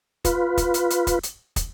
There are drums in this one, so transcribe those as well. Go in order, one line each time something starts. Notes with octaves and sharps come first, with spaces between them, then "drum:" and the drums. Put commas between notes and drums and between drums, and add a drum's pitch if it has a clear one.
F4 B4, drum: kick, hi-hat
drum: kick, hi-hat
drum: hi-hat
drum: hi-hat
drum: kick, hi-hat
drum: hi-hat
drum: kick, hi-hat